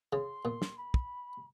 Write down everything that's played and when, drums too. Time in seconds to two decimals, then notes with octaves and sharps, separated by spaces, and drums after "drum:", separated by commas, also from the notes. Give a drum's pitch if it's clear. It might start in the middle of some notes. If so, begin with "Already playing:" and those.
0.13 C#3 C6
0.45 A#2
0.62 drum: snare
0.77 B5
0.94 drum: kick